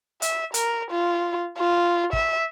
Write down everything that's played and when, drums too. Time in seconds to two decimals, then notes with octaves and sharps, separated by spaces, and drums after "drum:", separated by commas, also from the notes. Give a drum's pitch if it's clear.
0.22 E5, drum: hi-hat
0.54 A#4, drum: hi-hat
0.91 F4
1.58 F4
2.13 E5, drum: kick